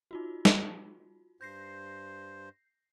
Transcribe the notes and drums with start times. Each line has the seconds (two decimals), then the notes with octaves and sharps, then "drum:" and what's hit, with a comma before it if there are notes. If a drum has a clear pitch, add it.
0.11 D#4 F4 F#4
0.45 drum: snare
1.41 G2 C5 G6 A#6 C7